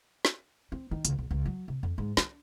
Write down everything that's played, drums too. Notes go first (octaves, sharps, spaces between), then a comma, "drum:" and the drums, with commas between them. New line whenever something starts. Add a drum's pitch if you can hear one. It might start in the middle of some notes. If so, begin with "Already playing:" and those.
drum: snare
C4
D#3
C#2, drum: hi-hat
B1
C#2
F#3
C3
F2
G#2
D4, drum: snare